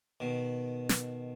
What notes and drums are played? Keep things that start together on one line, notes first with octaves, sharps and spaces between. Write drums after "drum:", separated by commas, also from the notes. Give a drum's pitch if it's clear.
B2 D#3
drum: snare